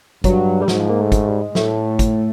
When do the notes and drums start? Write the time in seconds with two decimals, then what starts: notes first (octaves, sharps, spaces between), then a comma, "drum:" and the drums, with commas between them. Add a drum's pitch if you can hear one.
0.24 G2 F#3, drum: kick, hi-hat
0.61 G3
0.68 G#2 F#3, drum: snare
0.79 F3
0.90 A#3
1.01 A3
1.12 drum: kick, hi-hat
1.28 G3
1.42 G#3
1.55 A2 A3, drum: snare
1.99 drum: kick, hi-hat